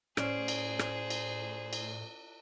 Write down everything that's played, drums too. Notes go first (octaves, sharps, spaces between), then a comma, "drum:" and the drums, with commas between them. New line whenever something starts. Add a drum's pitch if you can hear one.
A2 C#4 G#4 C5 D5 D7, drum: rim click
drum: cymbal
drum: rim click
drum: cymbal
drum: cymbal